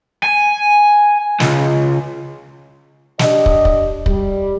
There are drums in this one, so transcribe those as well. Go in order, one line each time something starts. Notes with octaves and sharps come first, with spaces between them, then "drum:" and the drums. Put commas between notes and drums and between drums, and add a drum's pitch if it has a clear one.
G#5
C#2, drum: snare
D4 G4 D#5, drum: snare
drum: kick
drum: kick
G3, drum: kick